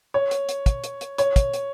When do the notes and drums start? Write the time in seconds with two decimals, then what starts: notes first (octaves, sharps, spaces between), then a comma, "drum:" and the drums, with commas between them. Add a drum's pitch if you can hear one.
0.14 C#5
0.31 drum: hi-hat
0.49 drum: hi-hat
0.66 drum: kick, hi-hat
0.84 drum: hi-hat
1.01 drum: hi-hat
1.18 C#5, drum: hi-hat
1.36 drum: kick, hi-hat
1.53 drum: hi-hat